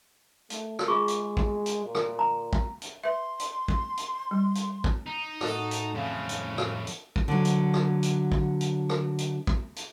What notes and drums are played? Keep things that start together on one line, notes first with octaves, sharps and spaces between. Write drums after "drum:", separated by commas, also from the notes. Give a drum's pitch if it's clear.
A3, drum: hi-hat
drum: rim click
G#3 F4 G#4 C#6
drum: hi-hat
drum: kick
drum: hi-hat
A#2
drum: rim click
A#5
drum: kick
drum: hi-hat
B4 E5 C6
drum: hi-hat
drum: kick
drum: hi-hat
G3
drum: hi-hat
drum: kick
D#4
A2 F#4 A4 D#5, drum: rim click
drum: hi-hat
F2 C#3 E3
drum: hi-hat
drum: rim click
drum: hi-hat
drum: kick
D3 F#3
drum: hi-hat
drum: rim click
drum: hi-hat
drum: kick
drum: hi-hat
drum: rim click
drum: hi-hat
drum: kick
drum: hi-hat